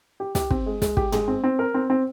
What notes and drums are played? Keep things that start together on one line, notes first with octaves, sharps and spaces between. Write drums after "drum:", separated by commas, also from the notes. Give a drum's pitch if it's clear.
G4
G4, drum: snare
C4, drum: kick
G#3
G#3, drum: snare
G4, drum: kick
G#3, drum: tom
C4
C4
A#4
C4
C4